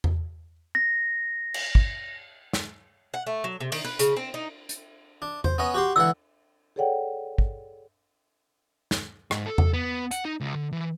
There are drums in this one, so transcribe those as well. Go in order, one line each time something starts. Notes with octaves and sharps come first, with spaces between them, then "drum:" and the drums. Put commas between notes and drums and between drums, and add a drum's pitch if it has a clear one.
drum: tom E2
A#6
drum: cymbal
drum: kick
drum: snare
F#5
A3
F#3
C3
D#3, drum: cymbal
B4
C#3, drum: hi-hat
C4
D#4
drum: hi-hat
D4
C5, drum: tom E2
B3 C#4 D#5
F#4 G4 C6
D3 E3 F#5 E6
G#4 A4 C#5 D5 F#5 G5
drum: kick
drum: snare
G#2, drum: rim click
A4
drum: tom E2
B3
F#5, drum: hi-hat
D#4
C#2
D3
E3